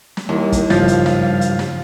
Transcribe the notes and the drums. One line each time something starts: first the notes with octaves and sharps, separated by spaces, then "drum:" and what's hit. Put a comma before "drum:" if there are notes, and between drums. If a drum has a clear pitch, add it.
drum: snare
D#2 G3 A#3 E4
drum: kick, hi-hat
G2 C#3 F3 F5, drum: snare
drum: hi-hat
drum: snare
drum: hi-hat
drum: snare